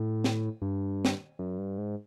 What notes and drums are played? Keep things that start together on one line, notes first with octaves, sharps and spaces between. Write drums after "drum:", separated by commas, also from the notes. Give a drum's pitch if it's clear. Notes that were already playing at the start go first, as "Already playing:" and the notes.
Already playing: A2
drum: snare
G2
drum: snare
F#2
G2
G#2